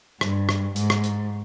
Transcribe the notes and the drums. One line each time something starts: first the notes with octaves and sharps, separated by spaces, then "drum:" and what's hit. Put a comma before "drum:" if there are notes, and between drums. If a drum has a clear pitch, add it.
G2, drum: rim click
drum: rim click
G#2, drum: hi-hat
drum: rim click
drum: hi-hat